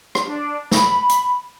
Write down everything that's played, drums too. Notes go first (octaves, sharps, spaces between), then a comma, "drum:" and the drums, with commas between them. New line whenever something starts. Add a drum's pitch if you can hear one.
drum: rim click
D4
B5, drum: snare
drum: hi-hat